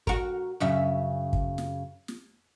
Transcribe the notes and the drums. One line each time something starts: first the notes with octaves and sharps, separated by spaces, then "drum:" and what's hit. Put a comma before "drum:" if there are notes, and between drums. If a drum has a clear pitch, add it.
F#4 A#4, drum: kick
F#2 C#3 E5
drum: kick
drum: snare
drum: snare